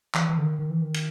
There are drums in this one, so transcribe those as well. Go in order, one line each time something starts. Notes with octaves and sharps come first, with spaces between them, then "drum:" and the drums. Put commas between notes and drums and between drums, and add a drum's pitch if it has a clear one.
E3, drum: clap
E3
D3
D#3
D#3
E3
D#3
drum: cymbal